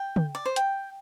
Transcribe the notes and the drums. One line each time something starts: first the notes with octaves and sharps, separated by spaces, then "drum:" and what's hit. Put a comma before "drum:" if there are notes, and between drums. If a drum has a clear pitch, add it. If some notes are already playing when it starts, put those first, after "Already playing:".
Already playing: G5
drum: tom
D5
C5
G5, drum: hi-hat